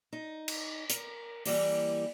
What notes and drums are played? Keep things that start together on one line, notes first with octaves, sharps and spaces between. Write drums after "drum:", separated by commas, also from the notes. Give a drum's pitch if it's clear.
D#4
drum: cymbal
A#4, drum: hi-hat
E3 G3 A#3, drum: open hi-hat